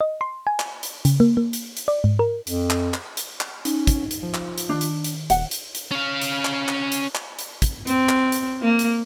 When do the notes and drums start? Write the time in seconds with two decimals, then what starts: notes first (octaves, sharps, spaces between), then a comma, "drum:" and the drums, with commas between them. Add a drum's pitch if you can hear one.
0.01 D#5
0.21 C6
0.47 G#5
0.60 drum: clap
0.83 drum: hi-hat
1.05 C#3, drum: hi-hat
1.20 A#3
1.37 A#3
1.53 drum: hi-hat
1.77 drum: hi-hat
1.88 D5
2.04 G#2
2.19 A#4
2.47 F2, drum: hi-hat
2.70 drum: clap
2.94 drum: clap
3.17 drum: hi-hat
3.41 drum: clap
3.65 C#4 D#4, drum: hi-hat
3.87 drum: kick, hi-hat
4.11 drum: hi-hat
4.23 F3
4.34 drum: clap
4.58 drum: hi-hat
4.69 D#3 D4
4.81 drum: hi-hat
5.04 drum: hi-hat
5.30 D#1 F#5, drum: hi-hat
5.51 drum: hi-hat
5.75 drum: hi-hat
5.92 C#4 F5
6.22 drum: hi-hat
6.45 drum: clap
6.68 drum: clap
6.92 drum: hi-hat
7.15 drum: clap
7.39 drum: hi-hat
7.62 drum: kick, hi-hat
7.87 C4, drum: hi-hat
8.09 drum: clap
8.32 drum: hi-hat
8.62 A#3
8.79 drum: hi-hat